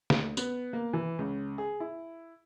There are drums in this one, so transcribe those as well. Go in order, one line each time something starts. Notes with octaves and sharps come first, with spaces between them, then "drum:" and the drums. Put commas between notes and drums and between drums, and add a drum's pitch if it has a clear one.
D2, drum: snare
B3, drum: tambourine
A#3
E3
C#2
G#4
E4